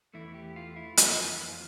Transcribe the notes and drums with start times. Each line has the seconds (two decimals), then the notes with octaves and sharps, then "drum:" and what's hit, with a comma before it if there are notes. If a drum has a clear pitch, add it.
0.14 E2 E3 A3 E4
0.34 G4
0.56 F4
0.76 E4
0.97 F2 E3 A#3, drum: hi-hat
1.22 E4
1.26 F4
1.53 F4